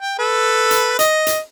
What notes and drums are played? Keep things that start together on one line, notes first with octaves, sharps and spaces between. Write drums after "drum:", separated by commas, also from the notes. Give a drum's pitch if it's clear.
G5
A4 B4
drum: hi-hat
D#5, drum: hi-hat
drum: hi-hat